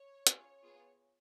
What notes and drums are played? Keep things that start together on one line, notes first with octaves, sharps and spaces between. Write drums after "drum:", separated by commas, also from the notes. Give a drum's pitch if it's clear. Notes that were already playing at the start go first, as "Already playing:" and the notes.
Already playing: C#5
C#4 F4 G#4, drum: hi-hat
B3 F4 G#4